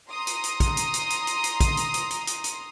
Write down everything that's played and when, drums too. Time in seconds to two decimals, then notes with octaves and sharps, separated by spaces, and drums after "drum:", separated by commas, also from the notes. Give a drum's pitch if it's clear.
0.10 A#5 C6 D#6
0.27 drum: hi-hat
0.44 drum: hi-hat
0.60 drum: kick, hi-hat
0.77 drum: hi-hat
0.94 drum: hi-hat
1.10 drum: hi-hat
1.27 drum: hi-hat
1.44 drum: hi-hat
1.60 drum: kick, hi-hat
1.77 drum: hi-hat
1.94 drum: hi-hat
2.11 drum: hi-hat
2.27 drum: hi-hat
2.44 drum: hi-hat